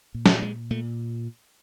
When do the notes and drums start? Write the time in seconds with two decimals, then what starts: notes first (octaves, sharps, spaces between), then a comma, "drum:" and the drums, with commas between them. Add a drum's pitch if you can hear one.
0.14 A#2
0.26 drum: snare
0.42 G#3
0.71 A#2 A3